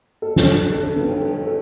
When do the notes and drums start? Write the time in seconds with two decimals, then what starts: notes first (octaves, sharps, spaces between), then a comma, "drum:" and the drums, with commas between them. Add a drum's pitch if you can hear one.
0.22 A4
0.36 drum: snare
0.48 D4
0.72 A4
0.96 D3, drum: cymbal
1.21 A4
1.47 A4